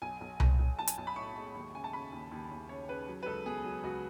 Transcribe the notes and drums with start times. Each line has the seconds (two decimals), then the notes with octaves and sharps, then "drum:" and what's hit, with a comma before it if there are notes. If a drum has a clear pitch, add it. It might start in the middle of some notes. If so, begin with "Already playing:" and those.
0.02 B1 G#5
0.21 B1
0.40 B1, drum: tom C2
0.59 B1
0.79 B1 A5
0.87 G#5, drum: hi-hat
0.98 B1 G#5
1.07 B5
1.16 A2 C#6
1.36 G#3
1.54 D#2
1.74 C#3 G#5
1.84 A5
1.93 C#3 B5
2.12 D#2
2.31 D#2
2.51 D#2
2.69 C#3 C#5
2.89 C#3 B4
3.08 F#3
3.23 B4
3.26 C#2 A4
3.46 B2 G#4
3.64 F#3
3.83 C#2 F#4